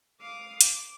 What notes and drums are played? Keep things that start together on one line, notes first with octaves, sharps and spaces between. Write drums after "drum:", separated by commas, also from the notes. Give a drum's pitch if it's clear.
F5 D6 D#6
D6, drum: hi-hat